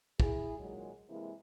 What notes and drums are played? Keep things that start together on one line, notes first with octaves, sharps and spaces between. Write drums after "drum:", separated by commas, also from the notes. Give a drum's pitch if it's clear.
E4 G#4, drum: kick
A#2 D#3 F#3 G#3
C3 E3 G#3 A#3 E4